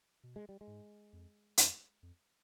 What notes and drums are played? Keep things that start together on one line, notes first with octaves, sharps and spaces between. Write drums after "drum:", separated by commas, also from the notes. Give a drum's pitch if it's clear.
B2
G#3
G3
G#3
G#2
F2
F2, drum: hi-hat
F2